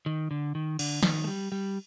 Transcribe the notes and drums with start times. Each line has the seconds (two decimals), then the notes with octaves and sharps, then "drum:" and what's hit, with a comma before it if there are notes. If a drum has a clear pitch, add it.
0.06 D#3
0.31 D3
0.55 D#3
0.79 D3, drum: cymbal
1.03 D#3, drum: snare
1.24 A3
1.27 G3
1.52 G3